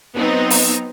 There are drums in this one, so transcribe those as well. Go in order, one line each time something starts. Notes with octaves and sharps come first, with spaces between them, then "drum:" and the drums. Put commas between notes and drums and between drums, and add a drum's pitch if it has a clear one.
F#3 B3 C4 D#4
drum: open hi-hat